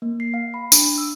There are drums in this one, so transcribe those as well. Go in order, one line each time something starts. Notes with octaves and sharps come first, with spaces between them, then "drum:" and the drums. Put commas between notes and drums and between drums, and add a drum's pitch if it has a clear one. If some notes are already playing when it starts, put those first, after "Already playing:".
A#3
C7
F5
B5
D4, drum: tambourine
E6